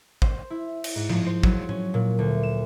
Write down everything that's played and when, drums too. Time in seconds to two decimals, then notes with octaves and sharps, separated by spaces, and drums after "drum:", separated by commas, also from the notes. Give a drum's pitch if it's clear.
0.22 C5, drum: kick G#1
0.50 E4
0.84 drum: cymbal
0.95 G#2
1.09 F3, drum: tom A2
1.26 C5
1.43 F#3, drum: kick G#1
1.69 C#4, drum: tom A2
1.94 A#2
2.19 D2
2.43 E7